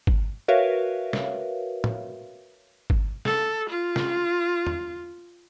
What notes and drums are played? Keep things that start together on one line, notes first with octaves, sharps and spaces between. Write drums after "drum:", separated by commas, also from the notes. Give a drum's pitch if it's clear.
drum: kick
F#4 A#4 B4 C#5 E5 F5
drum: snare
drum: tom
drum: kick
A4, drum: snare
F4
drum: snare
drum: tom E2